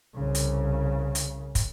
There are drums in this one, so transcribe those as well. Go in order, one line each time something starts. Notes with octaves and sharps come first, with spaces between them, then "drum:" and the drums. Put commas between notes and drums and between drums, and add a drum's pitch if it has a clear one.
C2 C#3
drum: hi-hat
drum: hi-hat
drum: kick, hi-hat